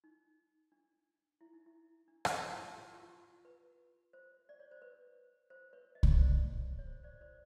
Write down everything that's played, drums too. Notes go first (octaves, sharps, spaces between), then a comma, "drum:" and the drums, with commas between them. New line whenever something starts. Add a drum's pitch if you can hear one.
D#4
D4
E4
D#4
E4
D4
D#4, drum: rim click
F4
E4
F4
F#4
G4
F#4
F4
F#4
B4
C5
D5
C#5
C5
B4
C5
B4 C#5
D#5
D5, drum: kick C2
C#5 D#5
C5 D5
C#5
C5
C5 D5
C5 D5